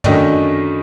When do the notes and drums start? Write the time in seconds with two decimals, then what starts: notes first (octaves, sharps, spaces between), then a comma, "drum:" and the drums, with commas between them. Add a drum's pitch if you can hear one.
0.04 F#2 D#3 F#3 A3 D4 D#5, drum: tom